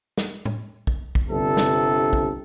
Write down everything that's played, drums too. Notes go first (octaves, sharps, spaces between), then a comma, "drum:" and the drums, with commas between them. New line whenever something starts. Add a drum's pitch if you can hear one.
drum: snare
drum: tom A2
drum: kick
drum: kick
G1 C3 A4
drum: snare
drum: kick